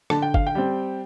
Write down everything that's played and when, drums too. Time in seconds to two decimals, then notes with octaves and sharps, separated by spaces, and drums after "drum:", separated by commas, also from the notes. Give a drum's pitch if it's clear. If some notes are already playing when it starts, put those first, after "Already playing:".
0.10 D3 A5, drum: rim click
0.22 G5
0.34 F5, drum: kick G1
0.47 G5
0.55 G3 C4